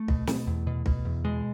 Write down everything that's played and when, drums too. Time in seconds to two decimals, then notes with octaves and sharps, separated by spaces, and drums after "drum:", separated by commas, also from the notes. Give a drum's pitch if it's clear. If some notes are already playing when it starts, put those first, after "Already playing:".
Already playing: A3
0.08 B2, drum: kick
0.27 B2, drum: snare
0.47 E2
0.67 B2
0.86 B2, drum: kick
1.05 E2
1.25 B2 G#3